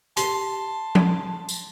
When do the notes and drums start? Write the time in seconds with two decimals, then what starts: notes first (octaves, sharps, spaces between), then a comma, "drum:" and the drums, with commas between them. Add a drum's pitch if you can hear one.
0.17 G4 A5 C6, drum: hi-hat
0.95 drum: tom
1.49 drum: tambourine